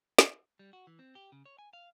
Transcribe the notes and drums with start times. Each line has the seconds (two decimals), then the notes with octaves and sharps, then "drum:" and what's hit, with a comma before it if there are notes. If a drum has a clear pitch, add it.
0.19 drum: snare
0.59 G3
0.73 F#4
0.87 E3
0.99 C4
1.15 G4
1.32 C#3
1.46 C#5
1.59 G#5
1.73 F5